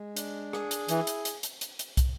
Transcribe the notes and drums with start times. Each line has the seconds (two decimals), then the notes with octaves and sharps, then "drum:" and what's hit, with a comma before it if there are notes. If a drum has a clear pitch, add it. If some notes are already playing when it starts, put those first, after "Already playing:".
Already playing: G#3
0.17 D4, drum: hi-hat
0.53 G#4, drum: rim click
0.71 drum: hi-hat
0.89 E3 E4, drum: hi-hat
1.07 drum: hi-hat
1.25 drum: hi-hat
1.43 drum: hi-hat
1.61 drum: hi-hat
1.79 drum: hi-hat
1.97 drum: kick, hi-hat